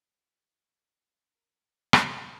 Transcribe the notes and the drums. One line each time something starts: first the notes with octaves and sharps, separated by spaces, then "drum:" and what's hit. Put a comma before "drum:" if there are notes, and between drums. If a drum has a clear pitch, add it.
B4
A#4
drum: rim click
C#5